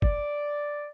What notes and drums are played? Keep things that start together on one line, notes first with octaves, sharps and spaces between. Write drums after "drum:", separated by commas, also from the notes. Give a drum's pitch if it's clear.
D5, drum: kick F#1